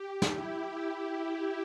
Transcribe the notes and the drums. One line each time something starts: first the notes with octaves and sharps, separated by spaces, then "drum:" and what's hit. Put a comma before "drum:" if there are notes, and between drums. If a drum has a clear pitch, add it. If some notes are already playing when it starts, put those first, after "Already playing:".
Already playing: G4
drum: snare
E4